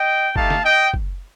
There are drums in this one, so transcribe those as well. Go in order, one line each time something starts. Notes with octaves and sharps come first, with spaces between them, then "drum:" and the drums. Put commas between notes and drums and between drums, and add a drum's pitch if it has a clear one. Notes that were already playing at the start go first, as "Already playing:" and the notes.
Already playing: D#5 G5
A3 D#4 G4 F5 A5, drum: kick F#1
drum: snare
D#5 G5
drum: kick F#1